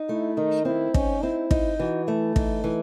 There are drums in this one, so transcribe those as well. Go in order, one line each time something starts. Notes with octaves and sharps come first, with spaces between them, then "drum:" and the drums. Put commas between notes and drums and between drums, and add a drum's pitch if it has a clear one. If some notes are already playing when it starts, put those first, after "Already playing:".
Already playing: D#4
A3 E4
D#3 D#4
C4 E4
C#4 D#4, drum: kick
C4 E4
D#4, drum: kick
E3 F#4
A3 E4
E3 D#4, drum: kick
E3